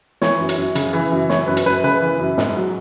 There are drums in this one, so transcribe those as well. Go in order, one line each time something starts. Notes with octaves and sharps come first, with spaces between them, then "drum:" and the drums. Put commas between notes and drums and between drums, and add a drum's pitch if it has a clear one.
E3 C#5, drum: snare
F#2
drum: hi-hat
F#2
C#3, drum: hi-hat
E3
F#2
E3 C#5, drum: snare
F#2 B4
drum: hi-hat
F#2 B4
C#3 B4
E3
F#2
G#2, drum: snare
F#3